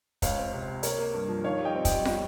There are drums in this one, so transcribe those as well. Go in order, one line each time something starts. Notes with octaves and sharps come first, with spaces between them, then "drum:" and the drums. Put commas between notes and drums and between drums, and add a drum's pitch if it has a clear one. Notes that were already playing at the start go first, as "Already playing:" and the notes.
C#2 C#5 F5, drum: kick, hi-hat
C4
C3
C3
A#3 A#4 C#5, drum: hi-hat
A#3
G2
F3
D#3 C#5 F5
G3
D#5 G5
C4
D#5 G5, drum: kick, hi-hat
G3
drum: snare